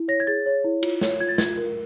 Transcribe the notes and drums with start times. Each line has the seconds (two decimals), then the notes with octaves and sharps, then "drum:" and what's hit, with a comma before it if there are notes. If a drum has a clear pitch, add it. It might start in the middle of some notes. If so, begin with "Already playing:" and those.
Already playing: E4
0.08 C#5 A#6
0.20 G#6
0.27 G#4 A6
0.46 C#5
0.64 E4
0.83 F4, drum: cymbal
1.01 C#5, drum: snare
1.20 F4 G#6
1.29 A6
1.38 F4 G#6, drum: snare
1.57 A#4